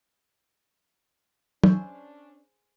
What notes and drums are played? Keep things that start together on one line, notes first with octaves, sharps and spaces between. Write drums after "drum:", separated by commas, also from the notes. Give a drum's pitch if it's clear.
C#4 D4 G#4 C5 C#6 E6 G6, drum: tom